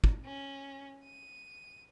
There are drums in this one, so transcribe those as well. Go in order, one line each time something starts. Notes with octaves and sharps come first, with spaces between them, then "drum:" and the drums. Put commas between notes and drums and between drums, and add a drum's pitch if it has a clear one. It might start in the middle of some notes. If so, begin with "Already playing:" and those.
drum: kick
C#4
D#7